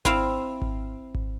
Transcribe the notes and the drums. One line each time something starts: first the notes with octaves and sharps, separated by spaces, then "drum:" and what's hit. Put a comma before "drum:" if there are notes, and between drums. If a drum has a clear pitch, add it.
C4 E4 F5, drum: kick G#1
drum: kick G#1
drum: kick G#1